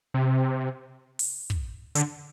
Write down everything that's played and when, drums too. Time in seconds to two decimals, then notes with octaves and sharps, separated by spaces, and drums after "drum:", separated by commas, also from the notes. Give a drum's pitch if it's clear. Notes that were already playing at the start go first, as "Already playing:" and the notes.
0.14 C3
1.19 drum: open hi-hat
1.50 drum: kick
1.95 D3, drum: hi-hat